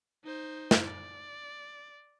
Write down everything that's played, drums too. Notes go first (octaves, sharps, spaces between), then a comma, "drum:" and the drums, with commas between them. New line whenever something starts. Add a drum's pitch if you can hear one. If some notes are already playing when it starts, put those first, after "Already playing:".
D#4 C5
drum: snare
D5